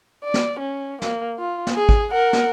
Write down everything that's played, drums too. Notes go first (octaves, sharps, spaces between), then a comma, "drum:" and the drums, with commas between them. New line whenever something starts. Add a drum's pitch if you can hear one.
D5
drum: snare
C#4
A#3, drum: snare
F4
drum: snare
G#4
drum: kick G#1
A#4 F#5
drum: snare